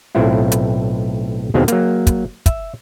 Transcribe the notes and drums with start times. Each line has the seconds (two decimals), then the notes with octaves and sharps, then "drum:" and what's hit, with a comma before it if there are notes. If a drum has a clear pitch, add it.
0.15 B1 A2 C4 E4 F4
0.52 drum: hi-hat
1.54 D#2 B2 D#3 G#3 A#3 C4
1.68 F#3 A#3, drum: hi-hat
2.07 drum: kick, hi-hat
2.46 E5, drum: kick, hi-hat